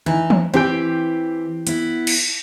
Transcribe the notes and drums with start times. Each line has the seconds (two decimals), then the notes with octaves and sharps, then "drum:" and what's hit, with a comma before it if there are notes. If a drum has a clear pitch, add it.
0.06 E3 D#4
0.30 drum: tom E3
0.54 E3 C4 G4 G5
1.67 B3 E4, drum: hi-hat
2.07 drum: cymbal